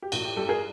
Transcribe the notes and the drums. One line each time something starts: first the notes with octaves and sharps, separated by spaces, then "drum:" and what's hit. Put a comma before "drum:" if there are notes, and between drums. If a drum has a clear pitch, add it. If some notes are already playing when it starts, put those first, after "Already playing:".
G4
A1 F#4, drum: cymbal
G4
G2 G4 A4
G#4 A#4